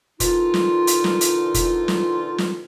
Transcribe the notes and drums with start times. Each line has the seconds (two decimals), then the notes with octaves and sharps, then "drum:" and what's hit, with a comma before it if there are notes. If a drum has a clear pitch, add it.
0.20 A#2 D3 E3 D#4 F4, drum: kick F1, hi-hat
0.54 drum: snare
0.87 drum: hi-hat
1.04 drum: snare
1.21 drum: hi-hat
1.54 drum: kick F1, hi-hat
1.88 drum: snare
2.38 drum: snare